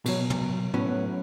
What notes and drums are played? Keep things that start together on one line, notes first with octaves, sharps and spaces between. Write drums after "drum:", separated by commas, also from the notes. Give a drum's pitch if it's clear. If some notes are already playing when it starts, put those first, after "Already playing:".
B2 F#3, drum: cymbal
drum: tom
A2 F#3 B3 C#4